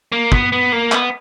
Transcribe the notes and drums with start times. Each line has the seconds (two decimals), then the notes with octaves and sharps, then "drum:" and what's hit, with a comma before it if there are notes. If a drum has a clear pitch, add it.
0.12 A#3
0.32 B3, drum: kick
0.52 B3
0.72 A#3
0.92 B3, drum: clap